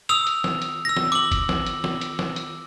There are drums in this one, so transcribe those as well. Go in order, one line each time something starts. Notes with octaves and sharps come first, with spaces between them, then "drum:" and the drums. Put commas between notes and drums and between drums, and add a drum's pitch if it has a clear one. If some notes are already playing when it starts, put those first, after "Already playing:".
D#6 E6 F7, drum: hi-hat
drum: hi-hat
drum: snare
drum: hi-hat
E6 A#6
drum: snare
D6 F#7, drum: hi-hat
drum: kick, hi-hat
drum: snare
drum: hi-hat
drum: snare
drum: hi-hat
drum: snare
drum: hi-hat